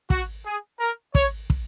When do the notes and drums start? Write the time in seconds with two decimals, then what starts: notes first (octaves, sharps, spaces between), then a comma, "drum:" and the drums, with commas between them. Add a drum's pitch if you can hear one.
0.10 F#4, drum: kick
0.46 G#4
0.80 A#4
1.15 C#5, drum: kick
1.50 drum: kick